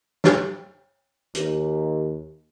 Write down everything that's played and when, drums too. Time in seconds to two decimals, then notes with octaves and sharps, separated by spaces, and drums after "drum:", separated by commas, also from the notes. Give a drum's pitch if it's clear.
0.24 drum: snare
1.35 D#2, drum: hi-hat